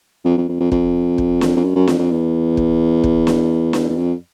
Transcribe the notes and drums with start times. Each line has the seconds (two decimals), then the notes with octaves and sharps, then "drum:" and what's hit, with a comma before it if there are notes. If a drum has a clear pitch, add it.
0.25 F2
0.38 F2
0.49 F2
0.60 F2
0.72 F2, drum: kick
1.18 drum: kick
1.41 drum: snare
1.56 F2
1.64 F#2
1.76 F#2
1.88 F2, drum: snare
1.99 F2
2.11 E2
2.57 drum: kick
3.04 drum: kick
3.27 drum: snare
3.73 drum: snare
3.90 E2
3.97 F2